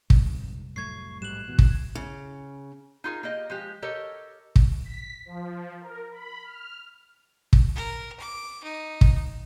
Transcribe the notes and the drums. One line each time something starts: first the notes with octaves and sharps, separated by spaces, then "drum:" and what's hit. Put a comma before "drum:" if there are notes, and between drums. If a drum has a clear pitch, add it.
F1 C2 F2 G#2, drum: kick
A2 F#3 A3 C#6 G#6 C7
A#1 G#2 G3 F#6 E7 F#7
E2 B2
drum: kick
C#3
D#4 F4 G#4 A#4
A#3 G4 D#5
F3 G#3 G4
G4 A4 A#4 C#5 D#5
drum: kick
B6
F3
A#4
B5
F6
drum: kick
A#4
D6
D#4
drum: kick